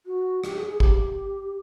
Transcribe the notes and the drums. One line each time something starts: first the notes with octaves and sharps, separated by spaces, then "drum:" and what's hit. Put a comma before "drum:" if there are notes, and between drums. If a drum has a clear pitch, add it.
F#4
G4, drum: rim click
G#4
G#4
G4, drum: kick